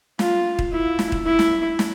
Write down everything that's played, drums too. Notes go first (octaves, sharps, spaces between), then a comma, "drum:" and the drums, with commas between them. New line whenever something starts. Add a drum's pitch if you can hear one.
F4, drum: snare
drum: kick D#1
E4
drum: snare
drum: kick D#1
E4
drum: snare
drum: snare